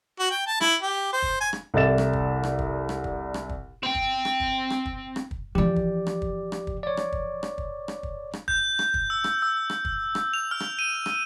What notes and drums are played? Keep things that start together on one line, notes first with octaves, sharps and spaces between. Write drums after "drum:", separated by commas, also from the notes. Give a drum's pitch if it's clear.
F#4
G5
A5
E4, drum: rim click
G4
C5
drum: kick
G#5
drum: rim click
C2 A4 D5 E5 A6 E7
drum: rim click
drum: kick
drum: rim click
drum: kick
drum: rim click
drum: kick
drum: rim click
drum: kick
C4 G5
drum: kick
drum: rim click
drum: kick
drum: rim click
drum: kick
drum: rim click
drum: kick
E3 F3 G4 D5
drum: kick
drum: rim click
drum: kick
drum: rim click
drum: kick
C#5 D5
drum: rim click
drum: kick
drum: rim click
drum: kick
drum: rim click
drum: kick
drum: rim click
G6, drum: kick
drum: rim click
drum: kick
E6
drum: rim click
E6
drum: rim click
drum: kick
drum: rim click
F7
F6
drum: rim click
D#7
drum: rim click